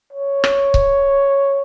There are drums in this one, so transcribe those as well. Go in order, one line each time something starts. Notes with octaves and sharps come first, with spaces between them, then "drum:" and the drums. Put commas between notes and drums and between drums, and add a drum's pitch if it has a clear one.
C#5
drum: rim click
drum: kick C#1